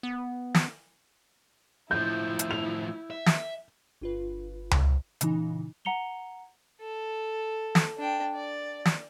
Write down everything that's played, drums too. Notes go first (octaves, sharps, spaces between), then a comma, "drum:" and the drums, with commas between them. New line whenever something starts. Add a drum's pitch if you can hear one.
B3
drum: snare
A2 F3 E4 G6
drum: hi-hat
F7
E5
drum: snare
G1 F4 B4
drum: tom C#2
A#2 C#3 E3 D#4, drum: hi-hat
F#5 A#5 C#7 F7 G7
A4
drum: snare
D4 G5
D5
drum: snare